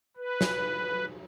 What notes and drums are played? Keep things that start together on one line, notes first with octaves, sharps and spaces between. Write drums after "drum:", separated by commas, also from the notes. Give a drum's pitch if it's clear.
B4
drum: snare